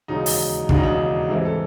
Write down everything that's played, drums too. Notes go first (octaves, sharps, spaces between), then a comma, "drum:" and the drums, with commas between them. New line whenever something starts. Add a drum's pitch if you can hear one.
E1 D#2 C#3 F#3 D#4
drum: open hi-hat
E1 D#2 C#3 F#3 D4, drum: kick
D#4
D4
G#2 E3 G3 C4 E4
A4